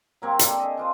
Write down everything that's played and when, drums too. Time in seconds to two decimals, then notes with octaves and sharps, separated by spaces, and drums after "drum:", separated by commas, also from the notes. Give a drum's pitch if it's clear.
0.22 F#3 A#3 C4 G4
0.39 D4 G4 A4, drum: hi-hat
0.59 G#4 D#5
0.77 D4 F4 C5